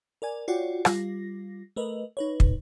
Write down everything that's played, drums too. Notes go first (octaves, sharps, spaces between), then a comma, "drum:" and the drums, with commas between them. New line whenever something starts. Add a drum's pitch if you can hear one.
A#4 D5 G#5
F4 F#4 C#5 D5 F#5 G5
G3 F4 A#6, drum: rim click
A3 A#4 B4 D#5
D#4 B4 C#5
drum: kick